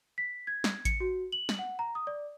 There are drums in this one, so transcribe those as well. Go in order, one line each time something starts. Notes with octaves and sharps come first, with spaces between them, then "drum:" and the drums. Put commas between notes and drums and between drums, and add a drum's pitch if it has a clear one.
B6
G#6
drum: snare
C#7, drum: kick A1, hi-hat
F#4
F#7
drum: snare
F#5
A#5
D#6
D5